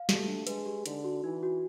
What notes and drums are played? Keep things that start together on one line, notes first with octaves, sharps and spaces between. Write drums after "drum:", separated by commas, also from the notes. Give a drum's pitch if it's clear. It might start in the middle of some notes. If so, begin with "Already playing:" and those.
Already playing: F5
A3 G4, drum: snare
D4
G#3 B4, drum: hi-hat
G4
D3 D#4, drum: hi-hat
F#4
E3 D#4
F#4